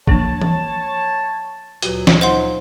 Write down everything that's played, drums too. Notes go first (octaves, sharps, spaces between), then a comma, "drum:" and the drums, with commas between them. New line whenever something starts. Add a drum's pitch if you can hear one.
F3 A#3 D4 C#5 A5, drum: kick
drum: tom E3
D2 A#2 F#3 F#4 G4 B4, drum: hi-hat
drum: snare
D#4 C5 D#5 F5 F#5 C6